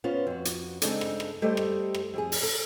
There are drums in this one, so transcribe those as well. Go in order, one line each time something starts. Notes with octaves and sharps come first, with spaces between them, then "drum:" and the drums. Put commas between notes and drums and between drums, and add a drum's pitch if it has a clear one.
B3 C#4 F4 C5
F2 F#4
drum: hi-hat
C#3 G#3 C4 D4 D#4 A4, drum: hi-hat
drum: rim click
drum: rim click
G3 A3 G4 A4 C5 D#5
drum: rim click
drum: rim click
F2 G4 G#4
drum: open hi-hat
A4